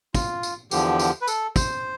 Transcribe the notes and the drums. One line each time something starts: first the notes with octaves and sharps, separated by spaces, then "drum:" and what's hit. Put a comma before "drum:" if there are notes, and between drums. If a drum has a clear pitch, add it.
F4, drum: kick, tambourine
drum: tambourine
E2 D3 F3 G4, drum: tambourine
drum: tambourine
B4
A4, drum: tambourine
C5, drum: kick, tambourine